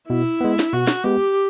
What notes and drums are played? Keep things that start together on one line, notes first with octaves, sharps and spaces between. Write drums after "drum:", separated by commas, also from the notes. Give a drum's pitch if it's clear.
B2 E4
G#3 B3
drum: snare
B2 F#4
drum: snare
G#3 B3 G4